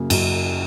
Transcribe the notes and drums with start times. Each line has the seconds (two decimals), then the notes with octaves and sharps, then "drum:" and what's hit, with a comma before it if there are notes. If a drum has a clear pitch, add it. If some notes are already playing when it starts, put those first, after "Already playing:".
Already playing: F#2 C#3 F#3 A#3
0.10 F#2, drum: cymbal